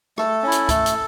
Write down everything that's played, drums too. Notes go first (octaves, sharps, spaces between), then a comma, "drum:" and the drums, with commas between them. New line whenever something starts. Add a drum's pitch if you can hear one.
A3 A4, drum: rim click
C#4 E4
drum: hi-hat
A3, drum: kick C#2, hi-hat
drum: hi-hat